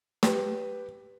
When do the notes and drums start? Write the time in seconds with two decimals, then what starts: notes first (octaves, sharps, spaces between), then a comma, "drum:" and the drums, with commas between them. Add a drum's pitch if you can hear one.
0.23 G4 B4, drum: snare